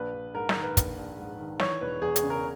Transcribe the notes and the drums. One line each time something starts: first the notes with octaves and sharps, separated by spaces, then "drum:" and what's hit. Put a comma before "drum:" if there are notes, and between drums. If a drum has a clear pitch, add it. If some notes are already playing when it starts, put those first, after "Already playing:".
Already playing: A#1 B4
A#1
G#2 A#4
A#4, drum: snare
D#3
B4
A#1, drum: kick, hi-hat
A#1
G#2
D#3
E3 C#5, drum: snare
E1 B4
E2 G#4
G#4, drum: hi-hat
C#3
A#4